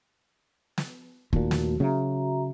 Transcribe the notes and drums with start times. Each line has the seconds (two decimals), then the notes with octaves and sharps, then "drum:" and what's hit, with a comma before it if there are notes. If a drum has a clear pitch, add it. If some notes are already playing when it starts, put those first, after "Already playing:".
0.78 drum: snare
1.33 D#2 A#2 A3 A#3 F#4, drum: kick
1.51 drum: snare
1.80 C#3 F#3 F#4 E5 A#5